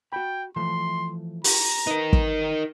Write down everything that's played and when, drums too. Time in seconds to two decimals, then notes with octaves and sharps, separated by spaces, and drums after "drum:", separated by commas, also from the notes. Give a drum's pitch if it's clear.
0.12 F#4 G5 B5
0.56 E3 F3 A3 C6
1.44 G4 A#5, drum: open hi-hat
1.87 D#4 A#4 B4
2.13 drum: kick